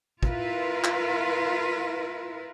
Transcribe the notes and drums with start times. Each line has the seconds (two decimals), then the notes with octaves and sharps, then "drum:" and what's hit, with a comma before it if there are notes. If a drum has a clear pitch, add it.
0.23 E4 F4 A#4 B4, drum: kick
0.84 drum: clap